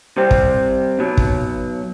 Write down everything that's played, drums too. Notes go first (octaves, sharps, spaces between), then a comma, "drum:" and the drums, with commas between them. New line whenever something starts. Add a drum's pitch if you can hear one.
C3 G3 C4
drum: kick
B1 B2 F#3
drum: kick